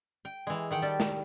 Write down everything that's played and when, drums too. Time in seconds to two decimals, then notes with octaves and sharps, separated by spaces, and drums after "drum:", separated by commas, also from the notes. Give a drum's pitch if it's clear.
0.25 G5
0.47 E3 G#3
0.71 D#3 F#5 G5
0.82 G3 A5
1.00 drum: snare